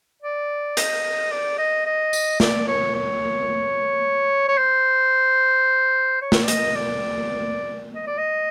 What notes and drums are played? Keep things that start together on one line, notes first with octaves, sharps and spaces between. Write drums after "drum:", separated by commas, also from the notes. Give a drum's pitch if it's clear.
D5
D#5, drum: hi-hat
D5
D#5
D#5
drum: tambourine
D5, drum: snare
C#5
C#5
C#5
C5
C#5
drum: snare
D5
D#5, drum: hi-hat
D5
D#5
D5
D#5